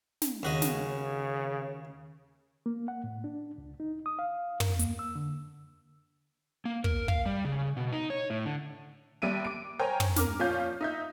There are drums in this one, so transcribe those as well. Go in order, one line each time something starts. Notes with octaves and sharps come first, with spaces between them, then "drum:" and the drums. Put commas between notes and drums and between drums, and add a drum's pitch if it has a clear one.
drum: snare
D#2 C#3 F#4 D#5
drum: snare
A#3
F#5
A2
D4
C#2
D#4
D#6
F5
A#4, drum: tom
A#3, drum: hi-hat
E6
D3
A#3
A#4, drum: kick
F5, drum: kick
G3
C#3
B2
D#4
C#5
A2
D3
D#2 G3 E5 D7 D#7
D6 D7
A#4 C5 C#5 G5 G#5 A#5
drum: tom
A#4 D6 F6, drum: snare
A#2 F3 C#4 F4 F5 G6
D#4 E5 G6